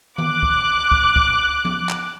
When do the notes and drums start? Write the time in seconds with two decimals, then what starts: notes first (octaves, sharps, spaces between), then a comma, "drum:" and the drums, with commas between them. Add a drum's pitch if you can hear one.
0.18 D6 F#6, drum: tom D#3
0.43 drum: kick
0.92 drum: kick
1.16 drum: kick
1.65 drum: tom F3
1.89 drum: clap